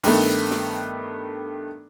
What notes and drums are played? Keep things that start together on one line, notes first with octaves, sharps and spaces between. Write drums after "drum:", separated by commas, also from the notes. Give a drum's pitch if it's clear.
G2 D#3 A3 B3, drum: open hi-hat
drum: snare